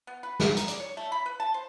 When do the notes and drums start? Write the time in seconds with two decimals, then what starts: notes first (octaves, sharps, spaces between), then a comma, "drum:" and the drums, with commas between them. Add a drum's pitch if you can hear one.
0.07 B3
0.23 B4
0.40 B3, drum: snare
0.57 D#4, drum: hi-hat
0.68 D5, drum: hi-hat
0.80 C#5
0.97 A3
1.12 B5
1.26 B4
1.40 A5
1.54 C5